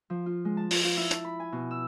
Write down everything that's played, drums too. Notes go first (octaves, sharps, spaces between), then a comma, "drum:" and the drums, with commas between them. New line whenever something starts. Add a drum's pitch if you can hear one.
F3
F4
G#3
A5
F4, drum: open hi-hat
F4
E4
A5, drum: hi-hat
B5
G#5
B2
E6